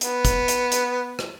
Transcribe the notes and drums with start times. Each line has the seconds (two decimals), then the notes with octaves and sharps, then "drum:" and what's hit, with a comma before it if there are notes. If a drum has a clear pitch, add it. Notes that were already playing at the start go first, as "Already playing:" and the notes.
0.01 B3, drum: hi-hat
0.25 drum: kick, hi-hat
0.48 drum: hi-hat
0.72 drum: hi-hat
1.19 drum: rim click